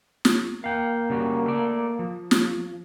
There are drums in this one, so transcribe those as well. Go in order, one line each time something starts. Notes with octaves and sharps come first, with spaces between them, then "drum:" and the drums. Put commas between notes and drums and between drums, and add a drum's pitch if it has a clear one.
drum: snare
A#3 F5 G5
C#3 G3 F#4
A3 D5
F3
drum: snare